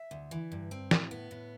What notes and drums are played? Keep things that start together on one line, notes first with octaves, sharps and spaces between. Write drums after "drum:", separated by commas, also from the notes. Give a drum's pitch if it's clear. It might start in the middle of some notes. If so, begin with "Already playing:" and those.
Already playing: E5
D2
E3
G2
C4
A2, drum: snare
B3
A2